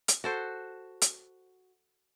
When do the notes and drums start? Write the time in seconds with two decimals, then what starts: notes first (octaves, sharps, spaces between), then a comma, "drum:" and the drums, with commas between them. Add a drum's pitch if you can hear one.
0.08 drum: hi-hat
0.24 F#4 A4 C5
1.02 drum: hi-hat